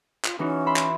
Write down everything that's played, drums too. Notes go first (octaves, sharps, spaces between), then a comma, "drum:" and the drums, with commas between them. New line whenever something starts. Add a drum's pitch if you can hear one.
F4, drum: clap
E3 C#4 D#4 F#4
E5 B5 C6
drum: clap